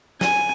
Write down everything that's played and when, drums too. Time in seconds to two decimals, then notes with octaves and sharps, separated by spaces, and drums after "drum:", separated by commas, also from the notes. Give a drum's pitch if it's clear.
0.21 G#5, drum: snare